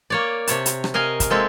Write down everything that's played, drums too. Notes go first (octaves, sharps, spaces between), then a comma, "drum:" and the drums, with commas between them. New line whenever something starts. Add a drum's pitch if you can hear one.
A#3 C#5 D5
C3 C#5 A5, drum: hi-hat
drum: hi-hat
drum: rim click
A#4 D#5 F5 G#5
drum: kick, hi-hat
G#3 A#3 C4 E4 A4